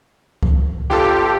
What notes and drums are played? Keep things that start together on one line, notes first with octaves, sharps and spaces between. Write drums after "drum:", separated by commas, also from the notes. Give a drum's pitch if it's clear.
drum: kick C#2
G1 F4 G4 A4